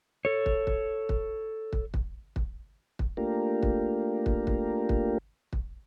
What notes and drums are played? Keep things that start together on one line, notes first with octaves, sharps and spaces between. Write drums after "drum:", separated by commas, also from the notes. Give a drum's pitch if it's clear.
A4 C#5
drum: kick
drum: kick
drum: kick
drum: kick
drum: kick
drum: kick
drum: kick
A3 A#3 D4 F4 G4 A#4
drum: kick
drum: kick
drum: kick
drum: kick
drum: kick